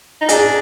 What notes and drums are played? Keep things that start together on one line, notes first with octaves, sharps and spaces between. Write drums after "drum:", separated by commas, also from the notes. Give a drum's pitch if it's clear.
D#4
D4 G#4, drum: hi-hat